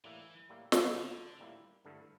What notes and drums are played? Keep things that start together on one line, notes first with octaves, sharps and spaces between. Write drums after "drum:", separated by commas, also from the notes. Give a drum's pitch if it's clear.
A2 E3 G3 A#3 E4
A2 G3 A#3 E4
drum: snare
A2 D3 G3 A#3 E4
A2 G3 A#3 E4
G2 D3 A3 E4